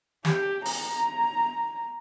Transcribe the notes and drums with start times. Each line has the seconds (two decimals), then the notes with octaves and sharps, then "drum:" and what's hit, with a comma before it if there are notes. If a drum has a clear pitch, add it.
0.25 G4, drum: snare
0.65 A#5, drum: open hi-hat